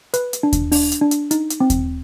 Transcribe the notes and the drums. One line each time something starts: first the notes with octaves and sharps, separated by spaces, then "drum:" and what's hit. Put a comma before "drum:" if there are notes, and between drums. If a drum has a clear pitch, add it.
B4, drum: hi-hat
drum: hi-hat
D4
drum: kick D#2, hi-hat
D4, drum: open hi-hat
drum: hi-hat
D4
drum: hi-hat
D#4, drum: hi-hat
drum: hi-hat
C4
drum: kick D#2, hi-hat